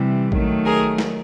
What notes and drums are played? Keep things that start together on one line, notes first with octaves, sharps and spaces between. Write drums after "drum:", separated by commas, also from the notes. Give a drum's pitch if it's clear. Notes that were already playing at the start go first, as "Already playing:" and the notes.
Already playing: C3 E3 G3
D#3 F#3 A3, drum: kick A1
G#4 A#4
drum: snare